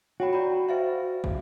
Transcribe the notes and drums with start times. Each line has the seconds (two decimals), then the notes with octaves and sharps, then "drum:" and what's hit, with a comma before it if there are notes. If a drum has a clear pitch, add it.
0.20 F#4 C#5 G5 B5
0.33 D5 A#5 B5
0.69 C5 E5 F5
1.24 drum: kick